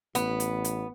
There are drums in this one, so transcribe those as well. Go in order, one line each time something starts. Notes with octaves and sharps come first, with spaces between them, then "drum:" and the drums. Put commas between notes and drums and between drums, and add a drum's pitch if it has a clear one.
A1 B3, drum: hi-hat
drum: hi-hat
drum: hi-hat